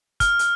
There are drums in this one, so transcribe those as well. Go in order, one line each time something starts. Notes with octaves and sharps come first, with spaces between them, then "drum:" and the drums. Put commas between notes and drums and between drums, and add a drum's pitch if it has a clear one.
F6, drum: kick, hi-hat
drum: hi-hat